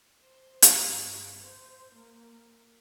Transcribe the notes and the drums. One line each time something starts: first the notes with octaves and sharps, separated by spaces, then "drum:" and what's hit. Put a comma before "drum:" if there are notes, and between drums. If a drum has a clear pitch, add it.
C5
drum: hi-hat
G1
C5
A#3